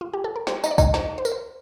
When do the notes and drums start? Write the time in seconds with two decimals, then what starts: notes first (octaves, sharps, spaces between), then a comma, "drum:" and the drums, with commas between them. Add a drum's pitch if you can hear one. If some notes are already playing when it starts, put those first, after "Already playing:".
0.01 F4
0.13 G4
0.24 A4
0.36 A#4
0.47 G3 C5, drum: snare
0.64 D#4 D#5, drum: tambourine
0.71 D5
0.78 D#4, drum: kick, tambourine
0.94 D#4 C5, drum: snare
1.18 C5
1.25 A#4, drum: tambourine
1.32 C5